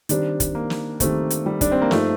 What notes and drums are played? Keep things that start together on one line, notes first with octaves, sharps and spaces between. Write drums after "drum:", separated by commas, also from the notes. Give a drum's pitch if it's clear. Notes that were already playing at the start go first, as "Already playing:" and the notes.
D#3 G3 C4 D4, drum: hi-hat
drum: kick, hi-hat
A#3
drum: snare
D#3 G3 A3 C4, drum: kick, hi-hat
drum: hi-hat
G3
D4, drum: kick, hi-hat
C4
A#3
G2 F3 A3 C4 D#4, drum: snare